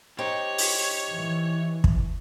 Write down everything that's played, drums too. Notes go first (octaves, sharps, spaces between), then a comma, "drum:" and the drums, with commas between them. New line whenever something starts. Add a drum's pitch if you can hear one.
D#4 G4 C5 C#5
drum: open hi-hat
E3
drum: kick